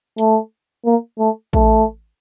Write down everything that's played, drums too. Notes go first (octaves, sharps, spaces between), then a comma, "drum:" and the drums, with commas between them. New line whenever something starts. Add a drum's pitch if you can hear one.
A3, drum: hi-hat
A#3
A3
A3, drum: kick A1